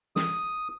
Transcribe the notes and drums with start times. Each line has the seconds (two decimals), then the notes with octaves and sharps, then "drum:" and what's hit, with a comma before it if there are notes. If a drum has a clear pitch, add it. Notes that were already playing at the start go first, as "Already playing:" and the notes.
0.16 D#6, drum: snare